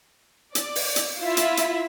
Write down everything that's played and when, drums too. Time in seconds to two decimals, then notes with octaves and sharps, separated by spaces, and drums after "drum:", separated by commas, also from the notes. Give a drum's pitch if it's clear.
0.55 D5, drum: hi-hat
0.75 drum: open hi-hat
0.96 drum: hi-hat
1.21 E4 F4 E5
1.37 drum: hi-hat
1.57 drum: hi-hat